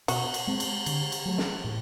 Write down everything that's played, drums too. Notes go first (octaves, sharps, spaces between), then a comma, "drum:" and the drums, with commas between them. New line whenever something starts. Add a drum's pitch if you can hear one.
B2 F#4, drum: cymbal
drum: cymbal
G#3 C4
drum: cymbal
D3, drum: cymbal
drum: cymbal
F#3 A3
drum: snare
A2